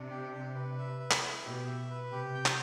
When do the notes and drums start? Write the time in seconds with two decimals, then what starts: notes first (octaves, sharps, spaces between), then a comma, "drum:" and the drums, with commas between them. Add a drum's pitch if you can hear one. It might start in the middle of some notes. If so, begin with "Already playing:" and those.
Already playing: C3 D4
0.10 G4
0.33 D4
0.54 B4
0.78 E5
1.00 B4
1.11 drum: clap
1.22 E4
1.45 B2 G4
1.67 E5
1.90 B4
2.11 C3 G4
2.34 G5
2.46 drum: clap